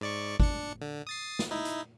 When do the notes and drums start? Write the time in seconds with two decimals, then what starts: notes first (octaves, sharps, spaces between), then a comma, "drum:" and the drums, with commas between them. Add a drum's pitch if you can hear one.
0.01 G#2 D5 C#6
0.40 D4 C#7, drum: kick
0.82 D3
1.07 D#6 A6 C7
1.39 drum: snare
1.51 D#4 E4
1.65 drum: hi-hat